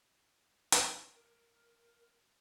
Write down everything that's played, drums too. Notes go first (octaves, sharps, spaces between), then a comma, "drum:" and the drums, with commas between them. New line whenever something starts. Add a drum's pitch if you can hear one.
drum: hi-hat
A#4